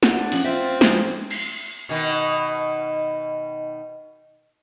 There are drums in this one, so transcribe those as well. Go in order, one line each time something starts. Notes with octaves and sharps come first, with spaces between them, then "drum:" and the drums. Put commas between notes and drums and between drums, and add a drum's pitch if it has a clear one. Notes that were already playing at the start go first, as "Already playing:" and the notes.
F#5, drum: snare
D4
F3 C#4, drum: open hi-hat
C4 F4 E5
F3 G#3, drum: snare
drum: cymbal
B2 D#3